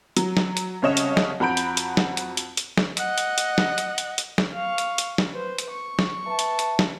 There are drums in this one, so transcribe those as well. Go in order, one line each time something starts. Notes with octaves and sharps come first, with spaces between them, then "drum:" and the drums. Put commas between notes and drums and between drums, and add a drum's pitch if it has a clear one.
F#3, drum: hi-hat
drum: snare
drum: hi-hat
C2 C#3 C#5 D#5 E7
drum: hi-hat
drum: snare
F2 F#4 A#5 B5 G6 D7
drum: hi-hat
drum: hi-hat
drum: snare
drum: hi-hat
drum: hi-hat
drum: hi-hat
drum: snare
D#5 F#5, drum: hi-hat
drum: hi-hat
drum: hi-hat
drum: snare
drum: hi-hat
drum: hi-hat
drum: hi-hat
drum: snare
F5 C#6
drum: hi-hat
drum: hi-hat
drum: snare
B4 C5
drum: hi-hat
C#6
drum: snare
B4 E5 A5
drum: hi-hat
drum: hi-hat
drum: snare